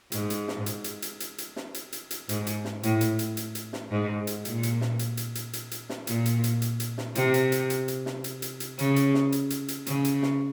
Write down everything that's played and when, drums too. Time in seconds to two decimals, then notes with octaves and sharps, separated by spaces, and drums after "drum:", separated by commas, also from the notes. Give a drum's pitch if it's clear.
0.12 G#2, drum: hi-hat
0.30 drum: hi-hat
0.48 drum: snare
0.66 drum: hi-hat
0.84 drum: hi-hat
1.02 drum: hi-hat
1.20 drum: hi-hat
1.38 drum: hi-hat
1.56 drum: snare
1.74 drum: hi-hat
1.92 drum: hi-hat
2.11 drum: hi-hat
2.29 G#2, drum: hi-hat
2.47 drum: hi-hat
2.65 drum: snare
2.83 A2, drum: hi-hat
3.01 drum: hi-hat
3.19 drum: hi-hat
3.37 drum: hi-hat
3.55 drum: hi-hat
3.73 drum: snare
3.91 G#2
4.27 drum: hi-hat
4.45 A#2, drum: hi-hat
4.63 drum: hi-hat
4.81 drum: snare
4.99 drum: hi-hat
5.17 drum: hi-hat
5.35 drum: hi-hat
5.53 drum: hi-hat
5.71 drum: hi-hat
5.89 drum: snare
6.07 A#2, drum: hi-hat
6.26 drum: hi-hat
6.44 drum: hi-hat
6.62 drum: hi-hat
6.80 drum: hi-hat
6.98 drum: snare
7.15 C3, drum: hi-hat
7.34 drum: hi-hat
7.52 drum: hi-hat
7.70 drum: hi-hat
7.88 drum: hi-hat
8.06 drum: snare
8.24 drum: hi-hat
8.42 drum: hi-hat
8.60 drum: hi-hat
8.79 C#3, drum: hi-hat
8.96 drum: hi-hat
9.14 drum: snare
9.32 drum: hi-hat
9.50 drum: hi-hat
9.68 drum: hi-hat
9.87 C#3, drum: hi-hat
10.05 drum: hi-hat
10.23 drum: snare